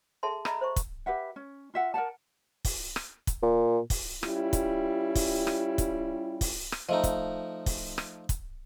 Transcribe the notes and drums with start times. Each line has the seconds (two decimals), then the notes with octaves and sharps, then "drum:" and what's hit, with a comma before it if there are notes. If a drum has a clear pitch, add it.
0.23 G#4 A4 E5 A5 C6
0.45 D#5 E5 A#5 B5, drum: rim click
0.61 C5 E5 C#6
0.76 drum: kick, hi-hat
1.06 G4 B4 E5 F#5
1.36 C#4
1.74 F4 E5 F#5
1.94 A#4 D5 F#5 A5
2.65 drum: kick, open hi-hat
2.96 drum: rim click
3.27 drum: kick, hi-hat
3.43 A#2
3.90 drum: kick, open hi-hat
4.23 G3 C#4 E4 F4 G4, drum: rim click
4.53 drum: kick, hi-hat
5.15 drum: kick, open hi-hat
5.47 drum: rim click
5.78 drum: kick, hi-hat
6.41 drum: kick, open hi-hat
6.72 drum: rim click
6.89 F3 A3 D#4 D#5 A#5
7.04 drum: kick, hi-hat
7.66 drum: kick, open hi-hat
7.98 drum: rim click
8.29 drum: kick, hi-hat